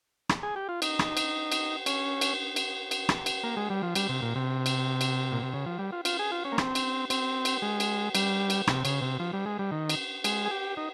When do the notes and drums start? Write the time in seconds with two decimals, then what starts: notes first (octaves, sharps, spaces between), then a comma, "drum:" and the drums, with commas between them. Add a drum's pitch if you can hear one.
0.29 drum: rim click
0.43 G#4
0.56 G4
0.69 F4
0.82 D#4, drum: cymbal
0.99 drum: rim click
1.17 drum: cymbal
1.52 drum: cymbal
1.86 C#4, drum: cymbal
2.21 drum: cymbal
2.56 drum: cymbal
2.91 drum: cymbal
3.09 drum: rim click
3.26 drum: cymbal
3.44 A#3
3.57 G#3
3.70 G3
3.83 F3
3.95 G3, drum: cymbal
4.09 C3
4.22 A#2
4.36 C3
4.66 drum: cymbal
5.01 drum: cymbal
5.32 A#2
5.43 C3
5.54 C#3
5.66 F3
5.79 G3
5.92 F4
6.05 F4, drum: cymbal
6.19 G#4
6.32 F4
6.45 C#4
6.52 A#3
6.58 C4, drum: rim click
6.75 drum: cymbal
7.10 C4, drum: cymbal
7.45 drum: cymbal
7.62 G#3
7.80 drum: cymbal
8.15 G3, drum: cymbal
8.50 drum: cymbal
8.67 C3, drum: rim click
8.85 C#3, drum: cymbal
9.02 C3
9.20 F3
9.33 G3
9.46 G#3
9.59 G3
9.71 D#3
9.89 drum: cymbal
10.24 G#3, drum: cymbal
10.46 G#4
10.51 G4
10.77 D#4